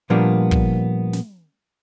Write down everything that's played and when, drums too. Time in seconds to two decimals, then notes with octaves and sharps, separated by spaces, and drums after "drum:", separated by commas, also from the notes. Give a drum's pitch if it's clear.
0.10 A#2 F3 G3 A#3 B3 D4
0.51 drum: kick
1.13 drum: snare